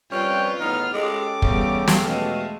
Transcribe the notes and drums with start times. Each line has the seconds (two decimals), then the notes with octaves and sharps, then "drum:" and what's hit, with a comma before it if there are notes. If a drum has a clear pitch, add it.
0.11 F2 G3 C#4 F4 B4 G5
0.60 E2 A2 B3 D#4 F6
0.94 G#3 C#4 G4 A4 D6
1.42 E2 C#3 G3, drum: kick
1.88 drum: snare
2.05 B2 G#3 A3 F5